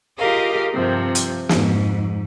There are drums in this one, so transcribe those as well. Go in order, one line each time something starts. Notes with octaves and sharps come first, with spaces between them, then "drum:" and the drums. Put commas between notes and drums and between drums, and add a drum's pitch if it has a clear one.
F4 G4 G#4 A#4 D#5 F5
G2 C3 F3
drum: hi-hat
F2 G#2, drum: snare